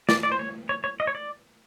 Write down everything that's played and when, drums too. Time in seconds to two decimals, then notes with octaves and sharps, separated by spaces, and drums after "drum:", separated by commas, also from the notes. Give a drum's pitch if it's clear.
0.09 D5, drum: snare
0.23 D5
0.32 C5
0.39 C#5
0.69 C#5
0.84 C#5
1.00 D#5
1.07 C#5
1.15 D5